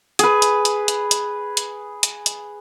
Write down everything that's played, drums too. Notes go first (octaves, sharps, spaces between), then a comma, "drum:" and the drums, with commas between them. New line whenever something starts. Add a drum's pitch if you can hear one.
G#4 B4, drum: hi-hat
drum: hi-hat
drum: hi-hat
drum: hi-hat
drum: hi-hat
drum: hi-hat
drum: hi-hat
drum: hi-hat